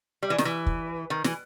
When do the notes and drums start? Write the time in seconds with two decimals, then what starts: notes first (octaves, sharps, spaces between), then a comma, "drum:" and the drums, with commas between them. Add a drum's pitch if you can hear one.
0.23 G3
0.30 E3
0.38 D#3, drum: snare
0.45 E3
0.66 drum: kick
1.10 D#3
1.24 E3, drum: snare